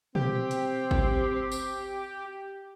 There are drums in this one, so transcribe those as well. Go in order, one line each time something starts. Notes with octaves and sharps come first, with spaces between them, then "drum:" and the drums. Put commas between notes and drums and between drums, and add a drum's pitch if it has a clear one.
C4 G4, drum: tom
drum: hi-hat
drum: kick G#1
drum: tambourine